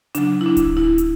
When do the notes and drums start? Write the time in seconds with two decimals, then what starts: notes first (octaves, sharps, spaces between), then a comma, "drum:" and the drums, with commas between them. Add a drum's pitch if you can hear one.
0.15 C#3 F#3 D4, drum: hi-hat
0.41 E4
0.46 D4
0.57 drum: kick D1, hi-hat
0.77 E4
0.98 drum: hi-hat